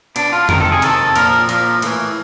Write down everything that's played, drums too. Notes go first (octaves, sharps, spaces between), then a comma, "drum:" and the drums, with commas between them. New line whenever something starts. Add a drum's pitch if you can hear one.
B2 D4, drum: cymbal
F4
C3 D#3 A#4, drum: tom F2
A4
G#4
C3 D#3 A4, drum: cymbal
A#2 F3 A#4, drum: cymbal
A#2 F3, drum: cymbal
A2 E3, drum: cymbal